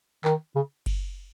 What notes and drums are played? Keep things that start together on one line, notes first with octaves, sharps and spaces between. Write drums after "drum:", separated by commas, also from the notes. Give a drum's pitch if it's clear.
D#3, drum: clap
C#3
drum: kick F#1, cymbal